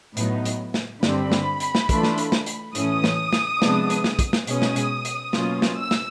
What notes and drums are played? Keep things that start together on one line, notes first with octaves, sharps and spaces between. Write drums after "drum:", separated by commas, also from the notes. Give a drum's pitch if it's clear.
A2 F#3 B3 D#4, drum: hi-hat
drum: hi-hat
drum: snare
G2 D3 G3 C4 B5, drum: snare
drum: snare
drum: hi-hat
drum: snare
E3 A3 D4 F4, drum: kick, hi-hat
drum: snare
drum: hi-hat
drum: snare
drum: hi-hat
A2 E3 A3 C#4 D#6, drum: hi-hat
drum: snare
drum: snare
C3 F3 G#3 B3 D4, drum: snare
drum: hi-hat
drum: snare
drum: kick, hi-hat
drum: snare
B2 G#3 C#4 D#6, drum: hi-hat
drum: snare
drum: hi-hat
drum: hi-hat
B2 F#3 A#3 C#4 F4, drum: snare
drum: snare
E6
drum: snare